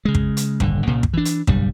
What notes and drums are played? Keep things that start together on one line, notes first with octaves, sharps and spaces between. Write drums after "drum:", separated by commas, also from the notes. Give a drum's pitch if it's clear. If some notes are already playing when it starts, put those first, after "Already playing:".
C#3 G#3
drum: kick
drum: hi-hat
D#1 G2 D3, drum: kick
C2 A#2 C#3
drum: kick
E3 D4
drum: hi-hat
F#1 B1 G2 G3, drum: kick